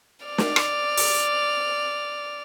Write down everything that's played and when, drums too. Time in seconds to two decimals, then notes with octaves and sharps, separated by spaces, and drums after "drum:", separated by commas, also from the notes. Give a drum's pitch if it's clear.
0.26 D5 F6
0.38 drum: snare
0.56 drum: rim click
0.97 drum: open hi-hat